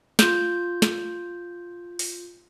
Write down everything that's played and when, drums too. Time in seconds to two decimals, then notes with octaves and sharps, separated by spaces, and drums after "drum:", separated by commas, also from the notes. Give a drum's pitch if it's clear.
0.19 F4 G6, drum: snare
0.82 drum: snare
1.99 drum: open hi-hat